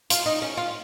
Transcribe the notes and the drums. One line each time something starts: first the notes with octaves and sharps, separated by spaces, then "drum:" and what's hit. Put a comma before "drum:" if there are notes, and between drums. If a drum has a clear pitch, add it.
F4, drum: hi-hat
D#4
C#4
F4